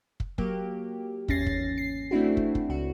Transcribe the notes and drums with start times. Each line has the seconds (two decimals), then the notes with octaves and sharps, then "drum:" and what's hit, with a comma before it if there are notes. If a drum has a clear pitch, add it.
0.20 drum: kick
0.38 F#3 A#3 G4, drum: kick
1.28 G#1 E2 C#4 A6 A#6 C7, drum: kick
1.46 drum: kick
1.78 C7
2.11 A3 C4 D4 E4 F#4
2.37 drum: kick
2.55 drum: kick
2.69 C#2 F#4